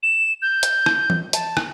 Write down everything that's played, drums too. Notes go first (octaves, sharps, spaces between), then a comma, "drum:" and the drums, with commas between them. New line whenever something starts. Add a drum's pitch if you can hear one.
E7
G6
drum: hi-hat
drum: rim click
drum: tom E3
A5, drum: hi-hat
drum: rim click